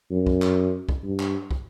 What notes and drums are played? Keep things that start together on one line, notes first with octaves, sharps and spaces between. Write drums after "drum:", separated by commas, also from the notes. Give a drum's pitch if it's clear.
F#2
drum: kick
drum: clap
drum: kick
G2
drum: clap
drum: kick